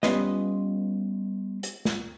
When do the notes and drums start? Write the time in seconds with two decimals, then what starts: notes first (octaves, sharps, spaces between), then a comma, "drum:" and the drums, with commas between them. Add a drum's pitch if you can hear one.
0.03 G3 B3 C#4 F4 B4 D#5, drum: snare
1.63 drum: hi-hat
1.85 drum: snare